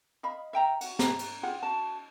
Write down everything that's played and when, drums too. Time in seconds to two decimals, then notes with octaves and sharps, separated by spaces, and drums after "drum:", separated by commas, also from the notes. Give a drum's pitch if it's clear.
0.23 D#5 F5 B5
0.53 E5 G5 A#5
0.81 F#4 F#5, drum: cymbal
0.99 A#5, drum: snare
1.19 drum: cymbal
1.43 F4 G4 G#4 F#5
1.63 F#4 A5